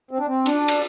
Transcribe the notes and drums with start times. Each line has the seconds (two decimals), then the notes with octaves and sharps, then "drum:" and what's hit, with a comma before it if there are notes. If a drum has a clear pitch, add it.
0.11 C4
0.19 D4
0.27 C4
0.46 D4, drum: cymbal
0.68 drum: cymbal